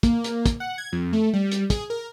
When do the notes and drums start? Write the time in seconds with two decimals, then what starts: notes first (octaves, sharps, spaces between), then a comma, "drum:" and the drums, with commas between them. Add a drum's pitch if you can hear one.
0.03 A#3, drum: kick, hi-hat
0.24 drum: hi-hat
0.46 drum: kick, hi-hat
0.60 F#5
0.78 G#6
0.92 F2
1.13 A3
1.34 G3
1.52 drum: hi-hat
1.70 G#4, drum: kick, hi-hat
1.90 A#4